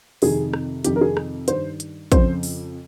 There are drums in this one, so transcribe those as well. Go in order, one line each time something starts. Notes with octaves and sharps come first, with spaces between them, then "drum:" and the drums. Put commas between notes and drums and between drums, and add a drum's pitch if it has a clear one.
F2 C3 D#3 G#4, drum: open hi-hat
drum: rim click
F2 C3 D#3 G4, drum: hi-hat
A#4
G#4
drum: rim click
G2 D#3 C5, drum: hi-hat
drum: hi-hat
F2 C#3 F3 C5, drum: kick, hi-hat
drum: open hi-hat